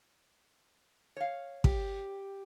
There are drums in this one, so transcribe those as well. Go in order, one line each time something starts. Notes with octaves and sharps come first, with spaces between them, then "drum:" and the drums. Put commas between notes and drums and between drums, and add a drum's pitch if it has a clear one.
C#5 F5
G4, drum: kick